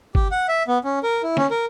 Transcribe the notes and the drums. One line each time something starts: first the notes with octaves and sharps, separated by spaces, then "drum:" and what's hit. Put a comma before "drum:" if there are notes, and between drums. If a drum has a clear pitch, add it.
G4, drum: kick G1
F#5
E5
B3
C#4
A#4
E4
C#4, drum: snare
A#4